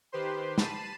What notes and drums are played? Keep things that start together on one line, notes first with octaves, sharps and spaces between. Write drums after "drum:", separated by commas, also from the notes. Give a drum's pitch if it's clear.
D#3 G4 B4 C5 C6
A5 B5 C7 D#7 E7, drum: snare